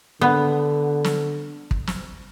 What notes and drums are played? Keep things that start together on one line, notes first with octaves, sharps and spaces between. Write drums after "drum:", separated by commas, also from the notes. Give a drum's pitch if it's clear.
D3 B3
drum: snare
drum: kick
drum: snare